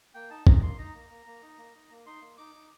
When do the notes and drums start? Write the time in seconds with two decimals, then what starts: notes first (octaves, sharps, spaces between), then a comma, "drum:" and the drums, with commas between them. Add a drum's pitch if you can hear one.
0.15 A#3 G5
0.30 D#4 A5
0.47 D#4 A#5, drum: kick
0.62 A#3 C6
0.78 D#4 A#5
0.94 A#3
1.10 A#3
1.26 A#3
1.42 D#4
1.58 A#3
1.75 D#4
1.90 A#3
2.06 D#4 C6
2.22 A#3
2.38 D#4 D6
2.55 D#4